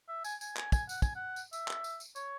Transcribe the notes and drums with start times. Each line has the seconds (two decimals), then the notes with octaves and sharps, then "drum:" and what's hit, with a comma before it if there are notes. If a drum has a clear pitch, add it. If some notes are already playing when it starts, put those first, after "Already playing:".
0.08 E5
0.24 G#5, drum: tambourine
0.41 G#5, drum: tambourine
0.57 G#5, drum: clap
0.72 G#5, drum: kick, tambourine
0.89 F#5, drum: tambourine
1.02 G#5, drum: kick, tambourine
1.16 F#5
1.36 drum: tambourine
1.53 E5, drum: tambourine
1.68 drum: clap
1.84 drum: tambourine
2.00 drum: tambourine
2.16 C#5, drum: tambourine